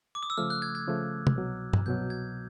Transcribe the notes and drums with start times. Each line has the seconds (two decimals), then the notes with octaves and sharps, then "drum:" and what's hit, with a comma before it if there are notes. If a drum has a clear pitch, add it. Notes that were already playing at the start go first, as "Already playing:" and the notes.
0.15 D6
0.23 D#6
0.30 E6
0.37 C#3 F3 A3 F6
0.50 F#6
0.62 G#6
0.75 G#6
0.88 C#3 F3 A3
1.27 drum: tom
1.36 C2 B2 F#3
1.73 drum: tom G2
1.86 C2 B2 F#3 G6
2.10 G#6